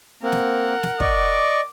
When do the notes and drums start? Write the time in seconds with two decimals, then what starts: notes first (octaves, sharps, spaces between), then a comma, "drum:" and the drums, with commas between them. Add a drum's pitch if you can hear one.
0.23 A#3 C4 A#4 F#5
0.32 drum: snare
0.83 drum: snare
1.00 D5 D#5 C#6 D6, drum: kick